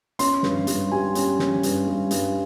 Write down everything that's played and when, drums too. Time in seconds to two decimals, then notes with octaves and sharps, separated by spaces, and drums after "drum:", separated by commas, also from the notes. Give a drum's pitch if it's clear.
0.19 C#4 C6, drum: hi-hat
0.43 G2, drum: snare
0.67 G2, drum: hi-hat
0.91 G3 G#5
1.15 C#4, drum: hi-hat
1.39 C#4, drum: snare
1.63 G2, drum: hi-hat
1.87 G2
2.11 G2, drum: hi-hat